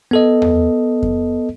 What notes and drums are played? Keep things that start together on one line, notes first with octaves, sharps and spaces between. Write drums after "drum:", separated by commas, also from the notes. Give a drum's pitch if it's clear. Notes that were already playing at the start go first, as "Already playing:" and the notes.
B3 A4 D#5
drum: tom E2
drum: kick F2